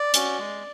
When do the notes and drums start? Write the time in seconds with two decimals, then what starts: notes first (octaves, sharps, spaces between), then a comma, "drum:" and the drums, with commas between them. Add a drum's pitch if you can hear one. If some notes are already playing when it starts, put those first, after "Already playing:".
Already playing: D5
0.14 C#4 F#4, drum: hi-hat
0.39 G#3